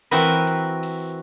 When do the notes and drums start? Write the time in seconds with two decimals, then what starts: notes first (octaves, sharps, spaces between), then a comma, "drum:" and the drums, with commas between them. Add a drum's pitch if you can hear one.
0.11 E3 C4 F#4 A#4 B4, drum: hi-hat
0.47 drum: hi-hat
0.83 drum: open hi-hat